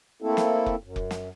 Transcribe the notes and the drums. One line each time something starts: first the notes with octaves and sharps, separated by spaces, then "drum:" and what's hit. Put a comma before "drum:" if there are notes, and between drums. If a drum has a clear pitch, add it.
A3 A#3 C4 E4 A4
drum: snare
drum: kick F1
F#2
drum: kick F1
drum: snare